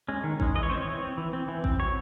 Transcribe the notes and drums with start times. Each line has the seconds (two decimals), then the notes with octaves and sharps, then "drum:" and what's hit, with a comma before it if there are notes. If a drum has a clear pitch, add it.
0.08 G#3 C#4
0.24 D#3
0.40 G#3 C#4, drum: kick A1
0.55 E3 D#5
0.63 C#5
0.70 C4 C5
0.78 C#5
0.86 E3
1.02 C4
1.18 E3
1.33 C4
1.48 E3
1.64 C4, drum: kick A1
1.79 F#3 C#5